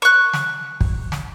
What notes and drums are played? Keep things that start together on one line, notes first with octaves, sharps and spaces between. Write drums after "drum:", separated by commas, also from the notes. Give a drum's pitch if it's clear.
C#6 F#6
drum: snare
drum: kick
drum: snare